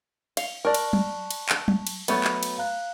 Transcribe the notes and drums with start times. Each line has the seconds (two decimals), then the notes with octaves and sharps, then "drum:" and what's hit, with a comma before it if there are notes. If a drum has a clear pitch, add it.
0.37 F5 C#7 F7 G7, drum: cymbal
0.65 A#4 D5 A5 C#6 F#6
0.74 drum: cymbal
0.93 drum: tom F#3
1.31 drum: cymbal
1.49 drum: clap
1.68 drum: tom F#3
1.87 drum: cymbal
2.08 F#3 A3 B3 B5 A6, drum: cymbal
2.24 drum: clap
2.43 drum: cymbal
2.58 F5 A#5 F#6